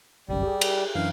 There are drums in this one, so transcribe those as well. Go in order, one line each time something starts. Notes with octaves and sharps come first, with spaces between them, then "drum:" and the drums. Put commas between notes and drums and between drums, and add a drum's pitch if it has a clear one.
G1 C2 F#2 G3
G4 G#4
drum: cymbal
F#2 E3 D4 F5